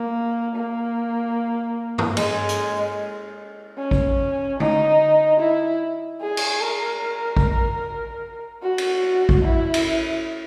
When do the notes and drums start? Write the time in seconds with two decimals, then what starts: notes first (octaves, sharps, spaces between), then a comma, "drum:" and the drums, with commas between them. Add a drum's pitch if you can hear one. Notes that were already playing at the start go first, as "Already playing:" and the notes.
Already playing: A#3
0.56 A#3
1.98 drum: tom G2
2.17 G#3, drum: cymbal
2.49 drum: hi-hat
3.78 C#4
3.91 drum: kick A1
4.60 D#4, drum: tom D3
5.39 E4
6.21 G#4
6.37 drum: cymbal
6.61 A#4
7.37 drum: kick A1
8.62 F#4
8.78 drum: cymbal
9.29 drum: kick A1
9.43 E4
9.74 drum: cymbal